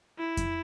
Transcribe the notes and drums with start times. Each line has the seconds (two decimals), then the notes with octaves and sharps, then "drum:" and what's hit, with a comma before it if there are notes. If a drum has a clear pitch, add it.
0.19 E4
0.37 drum: kick F2, hi-hat